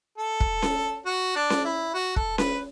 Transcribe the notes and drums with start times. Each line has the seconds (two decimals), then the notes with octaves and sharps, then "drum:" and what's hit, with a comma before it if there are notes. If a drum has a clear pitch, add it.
0.18 A4
0.40 drum: kick
0.62 drum: snare C#4
1.06 F#4
1.36 D4
1.50 drum: snare C#4
1.65 E4
1.94 F#4
2.16 A4, drum: kick
2.38 B4, drum: snare C#4